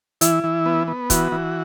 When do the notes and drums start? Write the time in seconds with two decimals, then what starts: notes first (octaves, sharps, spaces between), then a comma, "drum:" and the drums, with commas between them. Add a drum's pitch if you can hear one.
0.21 E3 E4, drum: hi-hat
0.44 E3
0.66 B3
0.88 B3
1.10 E3 F#4, drum: kick, hi-hat
1.32 E3